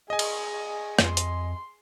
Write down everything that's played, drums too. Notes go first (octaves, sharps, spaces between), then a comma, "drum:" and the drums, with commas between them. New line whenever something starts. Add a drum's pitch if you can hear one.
G#4 D#5 G#5
drum: cymbal
F2 C6, drum: rim click
drum: hi-hat